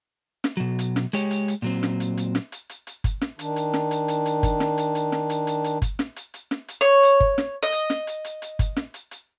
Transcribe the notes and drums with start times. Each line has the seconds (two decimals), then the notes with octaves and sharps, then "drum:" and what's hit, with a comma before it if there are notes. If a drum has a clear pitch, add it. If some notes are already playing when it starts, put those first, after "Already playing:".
0.44 drum: snare
0.57 B2 F#3
0.79 drum: hi-hat
0.96 drum: snare
1.13 G#3 G4 C#5, drum: hi-hat
1.31 drum: hi-hat
1.48 drum: hi-hat
1.62 A#2 F#3 C4
1.83 drum: snare
2.00 drum: hi-hat
2.17 drum: hi-hat
2.35 drum: snare
2.52 drum: hi-hat
2.69 drum: hi-hat
2.87 drum: hi-hat
3.04 drum: kick G1, hi-hat
3.21 drum: snare
3.39 D#3 D4, drum: hi-hat
3.56 drum: hi-hat
3.74 drum: snare
3.91 drum: hi-hat
4.08 drum: hi-hat
4.26 drum: hi-hat
4.43 drum: kick G1, hi-hat
4.60 drum: snare
4.78 drum: hi-hat
4.95 drum: hi-hat
5.12 drum: snare
5.30 drum: hi-hat
5.47 drum: hi-hat
5.64 drum: hi-hat
5.82 drum: kick G1, hi-hat
5.99 drum: snare
6.16 drum: hi-hat
6.34 drum: hi-hat
6.51 drum: snare
6.68 drum: hi-hat
6.81 C#5
7.03 drum: hi-hat
7.20 drum: kick G1
7.38 drum: snare
7.63 D#5
7.72 drum: hi-hat
7.90 drum: snare
8.07 drum: hi-hat
8.24 drum: hi-hat
8.42 drum: hi-hat
8.59 drum: kick G1, hi-hat
8.77 drum: snare
8.94 drum: hi-hat
9.11 drum: hi-hat